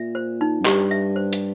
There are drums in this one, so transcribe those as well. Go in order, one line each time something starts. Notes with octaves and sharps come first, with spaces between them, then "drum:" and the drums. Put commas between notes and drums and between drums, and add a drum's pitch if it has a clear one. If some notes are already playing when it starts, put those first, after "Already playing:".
Already playing: A#2 E5
C5
D#4
F#2
G2 G4, drum: clap
E5
C5
drum: hi-hat